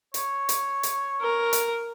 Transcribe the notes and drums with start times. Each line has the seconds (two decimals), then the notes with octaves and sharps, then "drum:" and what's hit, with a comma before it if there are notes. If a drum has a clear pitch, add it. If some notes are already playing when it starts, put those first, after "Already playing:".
0.14 C#5, drum: hi-hat
0.49 drum: hi-hat
0.83 drum: hi-hat
1.21 A#4
1.53 drum: hi-hat